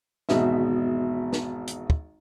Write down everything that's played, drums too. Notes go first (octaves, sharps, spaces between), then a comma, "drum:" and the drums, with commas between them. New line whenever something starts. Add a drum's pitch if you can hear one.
G#1 E2 B2 D#4 E5, drum: snare
drum: snare
drum: hi-hat
drum: kick